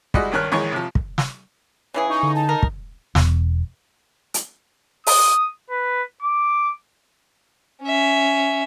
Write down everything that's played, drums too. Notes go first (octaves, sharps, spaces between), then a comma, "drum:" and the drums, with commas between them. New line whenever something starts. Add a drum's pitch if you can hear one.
G3 G#3 E4 F#4 D#5 F#5, drum: kick
C2 G2 D#3 C#5 F6 F#6
A#1 D#3 E3 G#3 C#5 C#6
C3 F3
drum: kick
drum: snare
C#3 E3 G#4 C#5
D#4 C#6
D3
A5
A#4
drum: kick
E1, drum: snare
drum: hi-hat
D#6, drum: open hi-hat
B4
D6
C#4 E5